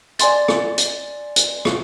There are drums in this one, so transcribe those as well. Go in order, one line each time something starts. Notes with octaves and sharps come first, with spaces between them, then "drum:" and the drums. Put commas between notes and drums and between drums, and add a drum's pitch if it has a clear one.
D5 G#5 C6 A6, drum: hi-hat
drum: rim click
drum: hi-hat
drum: hi-hat
drum: rim click